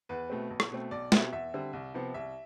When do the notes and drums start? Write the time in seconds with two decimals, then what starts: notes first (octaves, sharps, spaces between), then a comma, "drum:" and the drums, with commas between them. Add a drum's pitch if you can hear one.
0.09 E2 B4
0.30 B2 A3 C4
0.50 B1
0.60 drum: rim click
0.71 B2 A3 C4
0.91 B1 D5
1.12 B2 G3 C4 E5, drum: snare
1.33 E2 E5
1.54 D3 G3 C4
1.73 C2
1.94 C3 F3 B3
2.14 C2 E5